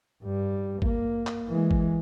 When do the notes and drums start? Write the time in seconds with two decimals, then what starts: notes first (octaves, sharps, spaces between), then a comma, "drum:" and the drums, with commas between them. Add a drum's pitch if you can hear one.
0.24 G2 G3
0.82 A#3, drum: kick G#1
1.27 drum: clap
1.49 E3 G#3
1.71 drum: kick G#1